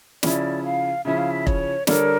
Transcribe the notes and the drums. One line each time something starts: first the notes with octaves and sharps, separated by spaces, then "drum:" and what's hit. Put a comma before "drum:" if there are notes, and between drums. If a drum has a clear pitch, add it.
C#3 F3 C#4 E4 D5, drum: snare
F5
C#3 F3 C#4 E4 E5
F5
E5
C#5, drum: kick
D3 G3 D4 A4 A#4 C#5, drum: snare